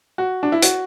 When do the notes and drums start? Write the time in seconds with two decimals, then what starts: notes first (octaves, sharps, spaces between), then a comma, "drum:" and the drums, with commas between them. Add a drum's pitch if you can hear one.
0.18 F#4
0.43 D4
0.52 E4
0.62 F#4, drum: hi-hat